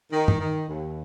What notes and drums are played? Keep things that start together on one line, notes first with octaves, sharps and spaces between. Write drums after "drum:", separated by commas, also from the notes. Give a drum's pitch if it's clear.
D#3
drum: tom G2
D#3
D#2